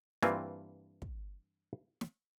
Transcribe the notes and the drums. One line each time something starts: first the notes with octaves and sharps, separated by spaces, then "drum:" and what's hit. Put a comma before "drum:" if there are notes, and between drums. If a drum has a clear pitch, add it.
G2 E3 A#3 C4 F4 G#5, drum: snare
drum: kick
drum: snare